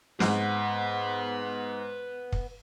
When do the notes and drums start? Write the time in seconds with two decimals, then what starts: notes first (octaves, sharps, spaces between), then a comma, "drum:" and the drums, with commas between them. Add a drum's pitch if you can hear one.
0.20 G#2 B4 F#5, drum: snare
2.32 drum: kick